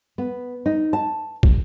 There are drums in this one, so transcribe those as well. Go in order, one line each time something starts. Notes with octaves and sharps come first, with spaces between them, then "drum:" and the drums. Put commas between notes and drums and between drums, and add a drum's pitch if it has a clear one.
B3
D#4
A5
drum: kick